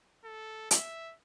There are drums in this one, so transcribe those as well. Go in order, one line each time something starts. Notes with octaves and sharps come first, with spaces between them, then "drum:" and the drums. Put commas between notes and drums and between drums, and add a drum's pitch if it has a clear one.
A4
E5, drum: hi-hat